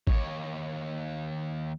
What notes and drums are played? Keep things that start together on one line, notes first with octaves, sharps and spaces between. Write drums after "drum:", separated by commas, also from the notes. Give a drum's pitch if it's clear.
D#2 C#5, drum: kick G#1